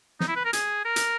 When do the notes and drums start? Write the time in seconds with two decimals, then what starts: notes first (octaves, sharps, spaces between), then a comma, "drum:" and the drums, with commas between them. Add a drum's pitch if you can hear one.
0.20 D#4, drum: snare
0.28 E4
0.36 B4
0.45 A#4
0.53 G#4, drum: hi-hat
0.85 A#4
0.96 drum: hi-hat